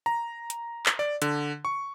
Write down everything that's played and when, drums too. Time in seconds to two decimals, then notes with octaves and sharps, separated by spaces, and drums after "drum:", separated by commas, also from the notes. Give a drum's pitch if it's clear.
0.06 A#5
0.50 drum: hi-hat
0.86 drum: clap
0.99 D5
1.22 D3, drum: hi-hat
1.65 C#6